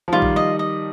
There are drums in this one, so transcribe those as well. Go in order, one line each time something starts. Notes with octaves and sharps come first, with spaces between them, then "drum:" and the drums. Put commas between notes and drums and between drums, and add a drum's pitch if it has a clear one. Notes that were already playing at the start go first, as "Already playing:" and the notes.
F3
D#3 G3 F4
drum: kick A#1
D#5
D#5